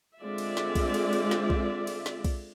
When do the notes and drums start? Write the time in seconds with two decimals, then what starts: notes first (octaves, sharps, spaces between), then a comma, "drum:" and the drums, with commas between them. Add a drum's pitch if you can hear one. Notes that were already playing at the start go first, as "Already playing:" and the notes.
0.20 D3 G#3 C4 F4 D5 E5
0.38 drum: cymbal
0.57 drum: snare
0.75 drum: kick B1, cymbal
0.94 drum: cymbal
1.13 drum: cymbal
1.31 drum: snare
1.50 drum: kick B1
1.87 drum: cymbal
2.06 drum: snare
2.24 drum: kick B1, cymbal